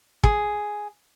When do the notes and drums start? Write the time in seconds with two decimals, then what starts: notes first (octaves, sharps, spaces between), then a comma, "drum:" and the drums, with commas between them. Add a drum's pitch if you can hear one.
0.24 G#4, drum: kick